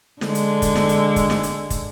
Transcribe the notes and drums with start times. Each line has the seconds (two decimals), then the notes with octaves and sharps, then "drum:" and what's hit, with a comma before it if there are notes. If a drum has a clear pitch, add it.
0.21 D3 G#3, drum: snare
0.35 drum: hi-hat
0.62 drum: kick, hi-hat
0.75 drum: snare
0.89 drum: hi-hat
1.16 drum: kick, hi-hat
1.30 drum: snare
1.43 drum: hi-hat
1.70 drum: kick, hi-hat